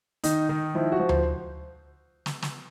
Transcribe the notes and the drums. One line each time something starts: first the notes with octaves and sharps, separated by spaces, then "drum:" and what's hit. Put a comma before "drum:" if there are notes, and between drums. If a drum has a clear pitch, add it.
D#3 D#4, drum: hi-hat
D#3 D#4
F3 E4
F#4
F3
C5, drum: tom D2
C5
drum: snare
drum: snare